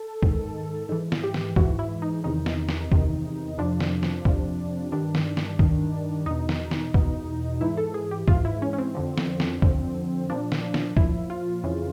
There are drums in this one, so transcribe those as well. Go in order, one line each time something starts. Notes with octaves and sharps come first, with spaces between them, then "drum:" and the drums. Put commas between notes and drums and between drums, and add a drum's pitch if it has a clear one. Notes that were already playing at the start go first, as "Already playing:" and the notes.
Already playing: A4
G#2 D#3, drum: kick
G#2 E3
drum: snare
G4
drum: snare
G#2 E3 F#4, drum: kick
E4
D#4
E2 C3 D#3 D#4
drum: snare
drum: snare
E2 C3 D#3, drum: kick
F2 C3 F3 D4
drum: snare
drum: snare
F2 C3 F3, drum: kick
G2 D#3 D4
drum: snare
drum: snare
G2 D#3, drum: kick
E2 B2 D#4
drum: snare
drum: snare
E2 B2, drum: kick
G#2 E3 E4
A4
G#4
G4
G#2 E3 F4, drum: kick
E4
C#4
C#4
C4
F2 D3 F3
drum: snare
drum: snare
F2 D3 F3, drum: kick
A#2 F3 D4
drum: snare
drum: snare
A#2 F3 E4, drum: kick
F4
F2 C#3 E3